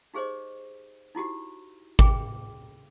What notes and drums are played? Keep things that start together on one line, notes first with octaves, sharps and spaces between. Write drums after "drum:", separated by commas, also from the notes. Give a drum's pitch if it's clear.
D#4 G4 G#4 C5 C#5 D#5
D#4 E4 F#4 G4
G#4 G5 D6, drum: kick G#1